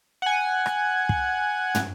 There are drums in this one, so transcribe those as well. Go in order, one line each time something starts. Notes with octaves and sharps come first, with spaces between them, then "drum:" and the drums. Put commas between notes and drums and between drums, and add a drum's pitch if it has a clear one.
F#5 G#5
drum: rim click
drum: kick
drum: tom